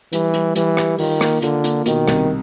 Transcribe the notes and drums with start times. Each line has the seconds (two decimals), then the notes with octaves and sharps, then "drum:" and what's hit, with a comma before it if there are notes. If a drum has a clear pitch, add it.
0.13 E3 G3, drum: hi-hat
0.34 G3, drum: hi-hat
0.55 E3 G3, drum: hi-hat
0.77 G3, drum: rim click
0.98 D#3 F4, drum: open hi-hat
1.21 A#3, drum: rim click
1.42 D3 F4, drum: hi-hat
1.64 A#3, drum: hi-hat
1.86 B2 D#3, drum: hi-hat
2.08 C2, drum: rim click